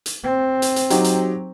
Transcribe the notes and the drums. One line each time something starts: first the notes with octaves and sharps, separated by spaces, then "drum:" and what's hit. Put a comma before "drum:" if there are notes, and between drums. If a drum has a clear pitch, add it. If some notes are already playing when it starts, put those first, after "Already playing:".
drum: hi-hat
C4
drum: hi-hat
drum: hi-hat
F#3 D#4 G4, drum: hi-hat
drum: hi-hat